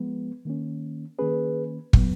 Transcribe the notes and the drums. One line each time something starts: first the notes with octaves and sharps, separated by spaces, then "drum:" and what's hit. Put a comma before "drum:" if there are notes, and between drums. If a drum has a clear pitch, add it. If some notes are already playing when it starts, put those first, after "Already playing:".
Already playing: F3 G#3 B3
D#3 A#3 C#4
D#3 A#3 C#4 G#4 B4
A#2 F#3 B3, drum: kick